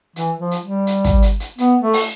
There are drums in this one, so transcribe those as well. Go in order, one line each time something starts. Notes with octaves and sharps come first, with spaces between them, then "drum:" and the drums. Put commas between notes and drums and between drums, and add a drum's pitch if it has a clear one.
E3, drum: hi-hat
F3
drum: hi-hat
G3
drum: hi-hat
drum: kick, hi-hat
drum: hi-hat
drum: hi-hat
B3, drum: hi-hat
A3
drum: open hi-hat